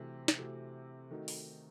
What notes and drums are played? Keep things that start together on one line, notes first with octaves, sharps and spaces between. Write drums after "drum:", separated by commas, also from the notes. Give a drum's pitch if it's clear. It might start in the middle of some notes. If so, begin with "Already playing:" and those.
Already playing: C3 E3 A3 C4 F#4
drum: snare
C3 E3 A3 C4 F#4
D#3 A3 D#4 F#4
drum: open hi-hat